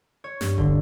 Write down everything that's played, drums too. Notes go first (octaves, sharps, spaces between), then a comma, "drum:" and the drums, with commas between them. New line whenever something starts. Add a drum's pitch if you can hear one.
C#5
G2, drum: snare
D3, drum: kick E1